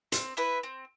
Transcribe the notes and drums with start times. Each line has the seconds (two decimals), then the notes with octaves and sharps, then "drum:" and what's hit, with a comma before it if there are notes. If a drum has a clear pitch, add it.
0.12 C4, drum: hi-hat
0.37 E4 B4 E5
0.63 C4